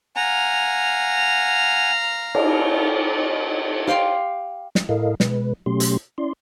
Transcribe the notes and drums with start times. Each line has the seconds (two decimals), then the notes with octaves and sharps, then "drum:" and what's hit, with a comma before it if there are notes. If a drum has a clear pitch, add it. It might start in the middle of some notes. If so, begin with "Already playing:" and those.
0.16 F5 F#5 G#5 A#5
2.35 drum: cymbal
3.87 G4 F5 G5 C6
4.75 drum: snare
4.89 A2 E4 A4 A#4 D#5 F5
5.20 B2 G#3 B4, drum: snare
5.66 B2 F#3 A3 C#4 G4 C6
5.80 drum: hi-hat
6.18 C#4 E4 D5 C6